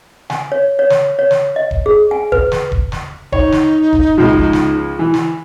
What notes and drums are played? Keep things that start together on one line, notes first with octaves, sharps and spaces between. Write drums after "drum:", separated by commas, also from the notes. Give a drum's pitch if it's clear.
G#5, drum: snare
C#5
C#5
drum: snare
C#5
drum: snare
D#5
drum: kick D#1
G#4
G#5
B4, drum: kick D#1
drum: snare
drum: kick D#1
drum: snare
D#4 C#5, drum: kick D#1
drum: snare
drum: kick D#1
C#2 F3
drum: kick D#1
drum: snare
E3
drum: snare